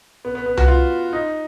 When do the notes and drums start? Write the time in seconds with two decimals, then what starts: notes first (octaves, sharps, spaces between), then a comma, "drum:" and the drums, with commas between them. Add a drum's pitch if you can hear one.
0.25 B3
0.35 B3
0.46 B3
0.57 F#4, drum: tom C2
0.68 F4
1.13 D#4